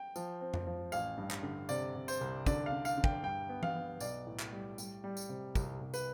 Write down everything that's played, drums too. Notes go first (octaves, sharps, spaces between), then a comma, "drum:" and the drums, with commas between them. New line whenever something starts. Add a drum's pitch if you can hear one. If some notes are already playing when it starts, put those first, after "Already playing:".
Already playing: G5
F3, drum: tambourine
C4
drum: tom F2
F3
A1 F5, drum: tambourine
G2
drum: clap
D3
C3 D5, drum: tambourine
C3
C5, drum: tambourine
C2
D3 D5, drum: kick, tambourine
F5
D3
F5, drum: tambourine
D3
G5, drum: kick
G2 G5
B3
F5, drum: tom E3
B3
B1 D5, drum: tambourine
A2
drum: clap
G3
G3, drum: tambourine
G3
drum: tambourine
C3
C2, drum: kick, tambourine
C2
B4, drum: tambourine